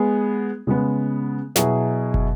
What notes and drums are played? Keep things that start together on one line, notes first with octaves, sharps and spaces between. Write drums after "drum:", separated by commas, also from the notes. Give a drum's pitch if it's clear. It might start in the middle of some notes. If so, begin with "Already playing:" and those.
Already playing: G#3 B3 G#4
C#3 G#3 B3
B2 F#3 E4 G#4, drum: snare
drum: kick